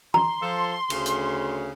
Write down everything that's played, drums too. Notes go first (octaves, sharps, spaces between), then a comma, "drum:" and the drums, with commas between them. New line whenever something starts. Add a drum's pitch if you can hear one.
A#5 C6, drum: tom E3
F3 A4
D2 C#3, drum: cymbal
drum: hi-hat